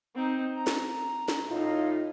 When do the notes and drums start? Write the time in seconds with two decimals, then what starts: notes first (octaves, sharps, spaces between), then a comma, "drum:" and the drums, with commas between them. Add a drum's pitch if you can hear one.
0.15 C4 D#4
0.57 A#5
0.67 drum: snare
1.28 drum: snare
1.49 A2 D#4 F4